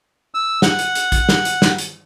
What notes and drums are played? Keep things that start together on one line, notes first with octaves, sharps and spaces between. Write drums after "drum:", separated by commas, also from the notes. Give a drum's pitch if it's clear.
E6
F#5, drum: snare
drum: hi-hat
drum: hi-hat
drum: kick A1, hi-hat
drum: snare
drum: hi-hat
drum: snare
drum: hi-hat